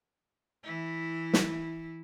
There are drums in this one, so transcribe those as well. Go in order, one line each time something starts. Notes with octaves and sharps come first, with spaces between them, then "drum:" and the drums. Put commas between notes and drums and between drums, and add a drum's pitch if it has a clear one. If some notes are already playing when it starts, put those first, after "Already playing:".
E3 E4
drum: snare